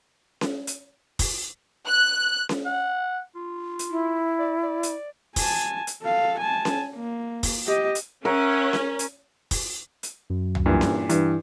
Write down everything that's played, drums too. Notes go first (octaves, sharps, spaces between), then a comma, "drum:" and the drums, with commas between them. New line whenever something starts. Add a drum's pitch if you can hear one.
drum: snare C#4
drum: hi-hat
drum: kick, open hi-hat
F#6
drum: snare C#4
F#5
F4
drum: hi-hat
E4
D5
D5
drum: hi-hat
G#5 A5, drum: kick, open hi-hat
drum: hi-hat
A4 F5
G#5 A5
drum: snare C#4
A#3
drum: kick, open hi-hat
G4 D#5
drum: hi-hat
C#4 A#4 C#5 E5 F#5
drum: snare C#4
drum: hi-hat
drum: kick, open hi-hat
drum: hi-hat
F#2
drum: tom C2
G2 A#2 E3
drum: snare C#4
G2 E3, drum: hi-hat